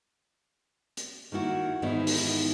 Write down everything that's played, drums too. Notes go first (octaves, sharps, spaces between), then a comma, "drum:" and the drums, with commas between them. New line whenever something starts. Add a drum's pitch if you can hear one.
drum: hi-hat
D#3 A#3 E4 F#4
G#2 D#3 E3 B3 D#4 E4
drum: open hi-hat